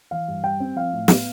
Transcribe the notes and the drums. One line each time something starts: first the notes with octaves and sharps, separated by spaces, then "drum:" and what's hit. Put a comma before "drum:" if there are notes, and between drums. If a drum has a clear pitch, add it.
E3 F5
G2
G3 G5
C4
F3 F5
A2
B3, drum: snare